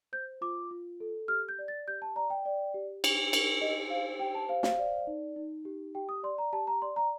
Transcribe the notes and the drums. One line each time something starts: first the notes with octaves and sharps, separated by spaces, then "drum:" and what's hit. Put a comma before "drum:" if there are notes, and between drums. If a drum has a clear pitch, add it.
C5 G6
F4 D6
F4
A4
G4 F6
G6
D5
A6
G4 G6
A5
D5 A#5
G5
D5
G4
G4, drum: cymbal
A#4, drum: cymbal
G4 D#5
C5 F5
G4 G5
A5
C5 F5
F5, drum: snare
D5
D#4
D#4
G4
G4 G5
D#6
D5 C6
A#5
G4 A5
A#5
D5 C6
A#5